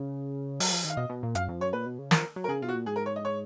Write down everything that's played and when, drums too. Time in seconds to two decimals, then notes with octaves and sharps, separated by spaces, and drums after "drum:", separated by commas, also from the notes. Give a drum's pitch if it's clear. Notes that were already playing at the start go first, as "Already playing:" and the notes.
Already playing: C#3
0.60 F#3, drum: open hi-hat
0.72 F3
0.85 D#3
0.90 F5
0.97 B2 D#5
1.10 B2
1.23 A#2
1.35 F#2 F5, drum: hi-hat
1.48 F2
1.60 F#2 C#5
1.73 A#2 B4
1.86 B2
1.99 C#3
2.11 F3 A#4, drum: snare
2.36 F#3
2.44 A#4
2.48 C#3 G#4
2.62 B2 F4
2.69 F#4
2.74 A#2
2.86 G#2 G#4
2.96 A#4
3.06 C#5
3.16 D#5
3.25 C#5